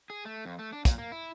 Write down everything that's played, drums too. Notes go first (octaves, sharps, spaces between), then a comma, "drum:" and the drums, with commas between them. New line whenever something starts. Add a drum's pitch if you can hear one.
G#4
A3
F2
A3
D4
A#2, drum: kick, hi-hat
A#3
E4